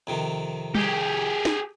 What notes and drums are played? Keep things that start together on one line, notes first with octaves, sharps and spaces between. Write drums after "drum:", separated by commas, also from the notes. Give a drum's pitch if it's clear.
F2 C3 D#3
G4 G#4, drum: tom G3
drum: snare